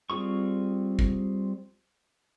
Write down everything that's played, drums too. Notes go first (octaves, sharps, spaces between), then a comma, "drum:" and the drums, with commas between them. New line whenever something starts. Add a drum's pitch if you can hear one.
G3 C4 F4 G#4 C#6
drum: kick G1